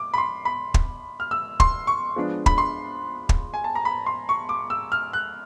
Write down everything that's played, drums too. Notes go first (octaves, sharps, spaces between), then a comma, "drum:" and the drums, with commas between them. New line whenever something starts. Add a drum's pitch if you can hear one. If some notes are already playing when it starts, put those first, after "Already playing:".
Already playing: D6
B5
C6
B5
drum: kick
F6
E6
C6, drum: kick
C#6
F3 G#3 B3 D4
B5, drum: kick
C6
drum: kick
G#5
A5
A#5
B5
C6
C#6
D6
E6
F6
F#6